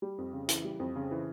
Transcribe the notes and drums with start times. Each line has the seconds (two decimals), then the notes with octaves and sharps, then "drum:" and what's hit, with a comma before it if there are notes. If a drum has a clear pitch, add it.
0.02 G3
0.18 F2
0.33 C#3
0.49 E3, drum: hi-hat
0.64 G3
0.80 F2
0.96 C#3
1.11 E3